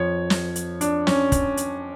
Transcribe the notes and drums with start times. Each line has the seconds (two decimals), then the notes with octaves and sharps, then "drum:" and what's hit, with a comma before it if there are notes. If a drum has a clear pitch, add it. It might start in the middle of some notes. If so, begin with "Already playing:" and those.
Already playing: F2 F3 C#5
0.30 drum: snare
0.56 drum: hi-hat
0.81 D4, drum: hi-hat
1.07 C#4, drum: snare
1.32 drum: kick, hi-hat
1.57 drum: hi-hat